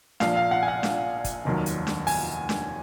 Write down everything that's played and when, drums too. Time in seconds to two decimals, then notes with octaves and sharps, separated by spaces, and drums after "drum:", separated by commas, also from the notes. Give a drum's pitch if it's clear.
0.20 A#1 A#2 F3 F5, drum: snare D4
0.37 F5
0.51 F#5
0.63 G#5
0.68 F#5
0.83 drum: snare D4
1.24 drum: kick, hi-hat
1.45 F1 D#2 D#3 F#3
1.66 drum: hi-hat
1.87 drum: snare D4
2.07 G#5, drum: open hi-hat
2.49 drum: snare D4